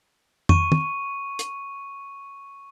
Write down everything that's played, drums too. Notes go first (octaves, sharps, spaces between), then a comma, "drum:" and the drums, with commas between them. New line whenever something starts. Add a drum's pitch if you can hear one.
C#6 D#7, drum: tom
drum: tom
drum: hi-hat